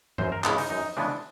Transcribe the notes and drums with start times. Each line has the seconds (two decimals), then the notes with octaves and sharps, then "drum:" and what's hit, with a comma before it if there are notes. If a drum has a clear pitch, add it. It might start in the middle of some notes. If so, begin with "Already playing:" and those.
0.18 F#2 C5, drum: tom G2
0.32 A#4
0.44 C#3 E3 G#3 B3 E4, drum: clap
0.58 D#4, drum: open hi-hat
0.70 F#2 D#4
0.97 C#3 E3 G#3 B3 D4